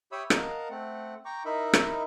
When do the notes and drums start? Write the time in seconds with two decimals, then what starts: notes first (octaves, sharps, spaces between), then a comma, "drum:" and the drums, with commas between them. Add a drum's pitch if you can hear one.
0.12 G4 C#5 E5 B5 D#6 E6
0.30 A#4 D#5 F5 F#5 A5, drum: rim click
0.70 A3 C4 F#5
1.25 G5 A#5 C#6 D6
1.45 D#4 E4 A#4 D#5 E5 B5
1.73 drum: rim click